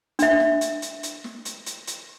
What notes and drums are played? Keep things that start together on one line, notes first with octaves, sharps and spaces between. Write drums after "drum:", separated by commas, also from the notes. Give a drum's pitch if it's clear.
D4 E5, drum: hi-hat
drum: snare
drum: hi-hat
drum: hi-hat
drum: hi-hat
drum: snare
drum: hi-hat
drum: hi-hat
drum: hi-hat